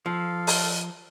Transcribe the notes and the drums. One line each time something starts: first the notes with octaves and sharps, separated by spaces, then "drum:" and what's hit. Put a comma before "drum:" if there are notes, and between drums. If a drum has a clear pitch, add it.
F3 A4 F5
drum: open hi-hat